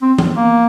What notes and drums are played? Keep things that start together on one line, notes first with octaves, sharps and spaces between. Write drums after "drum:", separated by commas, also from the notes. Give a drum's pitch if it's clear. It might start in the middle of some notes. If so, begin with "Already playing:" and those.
C4
drum: tom E3
A#3